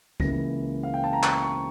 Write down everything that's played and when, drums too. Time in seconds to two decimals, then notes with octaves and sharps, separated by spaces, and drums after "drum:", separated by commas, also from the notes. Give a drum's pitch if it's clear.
0.20 C#2 C#3 E3 A#3 A#6, drum: kick
0.83 F5
0.94 G5
1.04 A5
1.13 A#5
1.23 C#6, drum: clap
1.43 C#6